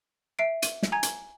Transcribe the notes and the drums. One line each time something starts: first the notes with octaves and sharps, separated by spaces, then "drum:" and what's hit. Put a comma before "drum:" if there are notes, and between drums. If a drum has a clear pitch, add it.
E5 C7 D7
D#7, drum: hi-hat
drum: snare
G#5 A#5 G#6
drum: hi-hat